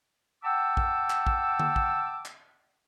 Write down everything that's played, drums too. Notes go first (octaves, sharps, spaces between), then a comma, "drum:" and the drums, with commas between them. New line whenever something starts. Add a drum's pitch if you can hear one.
F#5 G5 A5 D6 E6
drum: kick
drum: clap
drum: kick
drum: tom D3
drum: kick
drum: clap